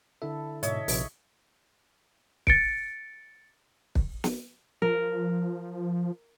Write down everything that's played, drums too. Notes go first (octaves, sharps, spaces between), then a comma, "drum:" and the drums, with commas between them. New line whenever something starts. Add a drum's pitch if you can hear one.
D3 E4 A4 E5
G#2 B2 C#5 D#5 E5, drum: hi-hat
A#1 C3, drum: open hi-hat
A6 C#7 D7, drum: kick
drum: kick
drum: snare
F3 A#4